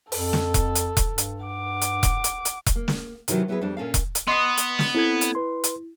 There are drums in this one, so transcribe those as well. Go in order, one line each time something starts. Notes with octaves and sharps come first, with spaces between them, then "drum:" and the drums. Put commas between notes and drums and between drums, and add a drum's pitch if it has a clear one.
F2 A4, drum: open hi-hat
drum: snare
drum: kick E1, hi-hat
drum: hi-hat
drum: kick E1, hi-hat
G2
drum: hi-hat
F#5 D6
drum: hi-hat
drum: kick E1, hi-hat
drum: hi-hat
drum: hi-hat
drum: kick E1, hi-hat
A#3
drum: snare
C3 D#3 E3 F#3, drum: hi-hat
F#3 B3 E4 F#4 G#4 B4
F2 G3 B3 D4
A#2 C#4 A4 F5
drum: kick E1, hi-hat
drum: hi-hat
B3 D#5 C6 D#6 F#6 C7
drum: hi-hat
drum: snare
C4 E4 A4 G#6
drum: hi-hat
B4 C6
drum: hi-hat